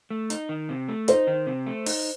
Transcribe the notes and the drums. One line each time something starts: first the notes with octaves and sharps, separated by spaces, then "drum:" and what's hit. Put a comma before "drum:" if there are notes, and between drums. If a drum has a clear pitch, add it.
A3
D#4, drum: hi-hat
D#3
C3
A3
D#4 C5, drum: hi-hat
D#3
C3
A3
D#4, drum: open hi-hat